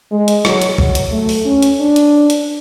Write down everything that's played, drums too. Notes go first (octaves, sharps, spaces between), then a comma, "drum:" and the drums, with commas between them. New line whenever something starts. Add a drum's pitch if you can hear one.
G#3
drum: hi-hat
F#3, drum: rim click
drum: hi-hat
F#3, drum: kick C2
drum: hi-hat
A3
drum: open hi-hat
C#4
drum: hi-hat
D4
drum: hi-hat
drum: hi-hat